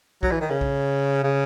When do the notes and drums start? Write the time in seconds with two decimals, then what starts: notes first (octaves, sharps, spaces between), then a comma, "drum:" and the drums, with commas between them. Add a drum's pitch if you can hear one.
0.23 F#3, drum: kick
0.32 E3
0.41 D#3
0.50 C#3
0.61 drum: kick
1.24 C#3